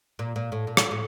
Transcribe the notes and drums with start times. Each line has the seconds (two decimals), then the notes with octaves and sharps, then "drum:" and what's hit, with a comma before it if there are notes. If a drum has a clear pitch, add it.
0.19 A#2
0.36 A#2
0.52 A2
0.67 A#2
0.77 drum: rim click
0.91 A2